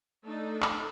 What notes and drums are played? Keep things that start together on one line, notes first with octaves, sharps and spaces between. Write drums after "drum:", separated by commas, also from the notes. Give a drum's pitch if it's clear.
A3 D4 D#4 A4
drum: clap